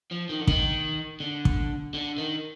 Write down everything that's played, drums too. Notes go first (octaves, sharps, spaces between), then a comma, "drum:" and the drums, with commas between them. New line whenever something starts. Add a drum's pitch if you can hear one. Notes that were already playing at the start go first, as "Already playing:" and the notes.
F3
D#3
D3
D#3, drum: kick
D3
drum: kick
D3
D#3